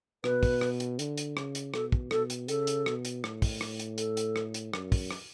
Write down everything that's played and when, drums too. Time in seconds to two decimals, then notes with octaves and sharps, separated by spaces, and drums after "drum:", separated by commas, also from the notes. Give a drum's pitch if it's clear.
0.24 B2 B4, drum: rim click
0.43 drum: kick, open hi-hat
0.61 drum: rim click
0.80 drum: hi-hat
0.99 D3, drum: hi-hat
1.18 drum: hi-hat
1.37 C#3, drum: rim click
1.55 drum: hi-hat
1.74 B2 A4, drum: rim click
1.92 drum: kick
2.11 B2 A4, drum: rim click
2.30 drum: hi-hat
2.48 C#3 A4, drum: hi-hat
2.67 drum: hi-hat
2.86 B2, drum: rim click
3.05 drum: hi-hat
3.24 A2, drum: rim click
3.42 drum: kick, open hi-hat
3.61 drum: rim click
3.80 drum: hi-hat
3.98 A4, drum: hi-hat
4.17 drum: hi-hat
4.36 drum: rim click
4.54 drum: hi-hat
4.74 F#2, drum: rim click
4.92 drum: kick, open hi-hat
5.11 drum: rim click